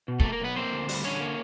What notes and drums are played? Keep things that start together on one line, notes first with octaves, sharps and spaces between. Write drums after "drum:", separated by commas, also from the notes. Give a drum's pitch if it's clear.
B2
A3 A#3 A4, drum: kick
A#3 A#4
B1 B3 B4
A#3 C4 C5
D2
G3, drum: open hi-hat
D3 C#4 C#5
A#3